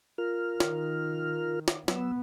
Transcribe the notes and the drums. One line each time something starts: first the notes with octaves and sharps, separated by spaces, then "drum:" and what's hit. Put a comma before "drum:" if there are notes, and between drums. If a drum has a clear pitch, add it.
F4 A#4 F6
D#3, drum: snare
drum: snare
F#3 B3 E6, drum: snare